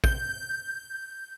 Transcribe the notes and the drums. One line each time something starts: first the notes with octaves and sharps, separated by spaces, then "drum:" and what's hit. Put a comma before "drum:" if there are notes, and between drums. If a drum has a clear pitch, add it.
G6, drum: kick